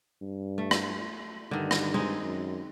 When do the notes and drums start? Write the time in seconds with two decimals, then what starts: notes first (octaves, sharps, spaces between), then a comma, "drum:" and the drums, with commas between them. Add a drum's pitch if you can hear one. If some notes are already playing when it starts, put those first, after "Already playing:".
0.21 G2
0.58 A3
0.71 drum: rim click
1.51 G2 D3 D#3
1.71 drum: rim click
1.94 G#3 C4 D#4
2.23 F#2